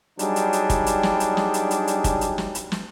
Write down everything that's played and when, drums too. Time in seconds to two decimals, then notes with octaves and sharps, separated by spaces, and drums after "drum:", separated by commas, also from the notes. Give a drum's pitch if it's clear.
0.19 F#3 G3 D4 D#4 G#4, drum: hi-hat
0.36 drum: hi-hat
0.53 drum: hi-hat
0.70 drum: kick, hi-hat
0.86 drum: hi-hat
1.03 drum: snare
1.20 drum: hi-hat
1.37 drum: snare
1.54 drum: hi-hat
1.71 drum: hi-hat
1.87 drum: hi-hat
2.04 drum: kick, hi-hat
2.21 drum: hi-hat
2.38 drum: snare
2.55 drum: hi-hat
2.72 drum: snare